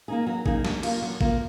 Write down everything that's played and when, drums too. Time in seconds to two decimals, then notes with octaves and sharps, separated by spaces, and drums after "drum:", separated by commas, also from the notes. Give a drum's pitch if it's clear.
0.08 A#3 D#4 G#4
0.27 F#3
0.46 A#3 D#4 G#4, drum: kick G#1
0.65 F#3, drum: snare
0.83 A#3 F4, drum: cymbal
1.02 F#3
1.21 A#3 F4, drum: kick G#1